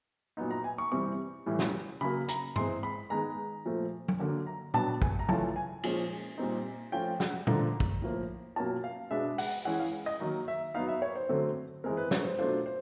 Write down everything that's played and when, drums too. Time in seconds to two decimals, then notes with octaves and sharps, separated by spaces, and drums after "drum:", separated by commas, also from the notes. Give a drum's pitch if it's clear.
0.37 A#2 F#3 B3 D#4
0.51 A#5
0.64 G#5
0.78 C#6
0.92 C3 E3 G3 C4 C#6
1.46 A2 E3 G3
1.59 drum: snare
2.01 C#3 F#3 A#3 B5
2.28 A#5, drum: hi-hat
2.56 E3 G#3 C4 C6, drum: tom G#2
2.83 B5
3.10 D#3 G#3 B3 D#4 A#5
3.65 A#2 F3 A3
4.08 drum: tom F#3
4.19 D3 F#3 A#3 D4
4.47 A#5
4.74 F#3 B3 D4 A5, drum: tom A#2
5.02 G#5, drum: kick
5.19 A#5
5.29 C#3 E3 A3 C#4 F4 A5, drum: tom F#3
5.56 G#5
5.83 A#2 F3 G#3 C#4, drum: cymbal
6.38 A#2 G3 C4 D#4
6.92 F3 A3 C#4 F4 G5
7.20 F#5, drum: snare
7.47 D3 F3 A3 D4 F4 A#5, drum: tom A#2
7.80 drum: kick
8.02 A2 F3 A#3
8.56 B2 F#3 A#3 C#4 F4 A5
8.84 F5
9.11 B2 G#3 B3 D4 E5
9.38 F#5, drum: open hi-hat
9.65 E3 G#3 C#4 E4 F#5
9.79 F5
10.06 D#5
10.20 D#3 F#3 A#3 D#4
10.48 E5
10.74 F#3 B3 D#4 F5
10.88 E5
11.02 C#5
11.15 C5
11.29 D3 F#3 A3 C4
11.84 E3 G#3 C4 A#4
11.97 B4
12.11 C#5, drum: snare
12.25 C5
12.38 B2 F#3 A3 D4 F4 C5
12.66 C5